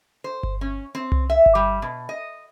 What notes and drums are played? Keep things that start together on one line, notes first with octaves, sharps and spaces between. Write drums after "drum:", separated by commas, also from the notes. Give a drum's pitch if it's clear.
C5
drum: kick G1
C#4
C4
drum: tom C2
E5
drum: kick G1
G3
B2
D#5